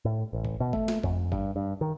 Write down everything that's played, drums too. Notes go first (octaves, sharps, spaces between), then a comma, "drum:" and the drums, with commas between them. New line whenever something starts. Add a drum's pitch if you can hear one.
A2
A1
drum: kick G1
B2
A3, drum: kick G1
drum: snare A#3
F2, drum: kick G1
G2, drum: kick G1
G2
D#3